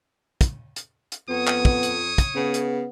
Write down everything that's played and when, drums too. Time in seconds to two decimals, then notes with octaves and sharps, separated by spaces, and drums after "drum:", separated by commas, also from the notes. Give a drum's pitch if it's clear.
0.41 drum: kick, hi-hat
0.76 drum: hi-hat
1.12 drum: hi-hat
1.30 F2 B3 C#5 D#6
1.47 drum: clap
1.65 drum: kick
1.83 drum: hi-hat
2.18 drum: kick, hi-hat
2.36 C#3 B3
2.54 drum: hi-hat